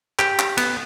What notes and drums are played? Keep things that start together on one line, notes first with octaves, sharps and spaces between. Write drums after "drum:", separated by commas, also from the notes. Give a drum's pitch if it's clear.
G4, drum: clap
drum: clap
B3, drum: cymbal